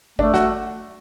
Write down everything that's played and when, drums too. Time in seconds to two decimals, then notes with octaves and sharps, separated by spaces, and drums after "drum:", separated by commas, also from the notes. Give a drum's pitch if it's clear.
0.19 A3 D4, drum: kick G1
0.34 F#4, drum: snare